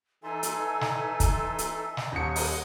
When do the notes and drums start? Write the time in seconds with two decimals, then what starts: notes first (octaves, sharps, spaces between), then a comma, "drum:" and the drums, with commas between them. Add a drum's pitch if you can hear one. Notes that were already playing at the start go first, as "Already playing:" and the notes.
0.23 E3 D#4 A4 E5 G#5 A5 C6
0.43 drum: hi-hat
0.81 drum: snare
1.20 drum: kick, hi-hat
1.58 drum: hi-hat
1.97 drum: snare
2.12 D#1 F#4 C#5 D#5 C#7
2.36 drum: open hi-hat